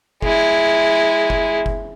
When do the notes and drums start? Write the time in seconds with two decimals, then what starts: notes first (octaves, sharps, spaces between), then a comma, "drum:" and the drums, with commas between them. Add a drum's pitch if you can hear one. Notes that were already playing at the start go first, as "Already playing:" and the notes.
0.22 G#3 E4, drum: kick F#1
1.30 drum: kick F#1
1.66 drum: kick F#1